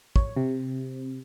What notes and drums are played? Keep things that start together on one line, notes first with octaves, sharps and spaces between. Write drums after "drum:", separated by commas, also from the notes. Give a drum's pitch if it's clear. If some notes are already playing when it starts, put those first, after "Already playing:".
C#5, drum: kick
C3